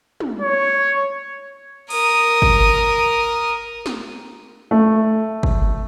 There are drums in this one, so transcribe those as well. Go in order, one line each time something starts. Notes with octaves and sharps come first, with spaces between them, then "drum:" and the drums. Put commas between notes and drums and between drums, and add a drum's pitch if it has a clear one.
drum: tom
C#5
A#4 D#6, drum: cymbal
drum: kick
drum: snare
A3
drum: kick